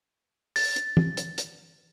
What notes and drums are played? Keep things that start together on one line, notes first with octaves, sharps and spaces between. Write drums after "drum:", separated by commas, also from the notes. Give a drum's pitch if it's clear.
A6, drum: open hi-hat
drum: hi-hat
drum: tom
drum: hi-hat
drum: hi-hat